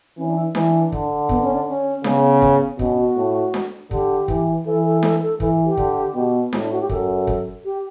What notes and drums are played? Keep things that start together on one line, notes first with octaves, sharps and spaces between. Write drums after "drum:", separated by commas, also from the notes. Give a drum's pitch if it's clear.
E3 C#4
D4
E4
E3 D4, drum: snare D4
D3, drum: kick
B3, drum: kick
C#4
D4
C#4
C#3 B3, drum: snare D4
drum: kick
B2 C#4, drum: kick
F#4
A2
drum: snare D4
D3 G4, drum: kick
E3, drum: kick
E3 A4
A4
A4, drum: snare D4
A4
E3 A4, drum: kick
G4
D3, drum: kick
B2
A2 F#4, drum: snare D4
D4
F#4
G4
F#2 A4, drum: kick
drum: kick
G4